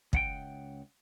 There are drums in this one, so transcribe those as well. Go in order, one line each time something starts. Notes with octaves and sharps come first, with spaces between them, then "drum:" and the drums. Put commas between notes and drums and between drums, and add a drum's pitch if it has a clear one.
C#2 F#5 G5, drum: kick